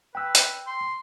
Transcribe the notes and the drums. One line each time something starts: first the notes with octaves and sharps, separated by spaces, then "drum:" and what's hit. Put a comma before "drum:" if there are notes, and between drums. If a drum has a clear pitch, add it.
B4 G5 E6
drum: hi-hat
C6